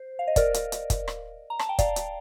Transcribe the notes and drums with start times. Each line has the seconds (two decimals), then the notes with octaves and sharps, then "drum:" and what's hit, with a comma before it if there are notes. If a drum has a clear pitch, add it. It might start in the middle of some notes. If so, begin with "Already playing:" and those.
Already playing: C5
0.19 F5
0.27 D#5
0.36 A#4 D5, drum: kick, hi-hat
0.54 drum: hi-hat
0.72 drum: hi-hat
0.90 drum: kick, hi-hat
1.08 drum: rim click
1.50 A#5
1.59 A5, drum: rim click
1.69 G5
1.79 D5 F5, drum: kick, hi-hat
1.96 drum: hi-hat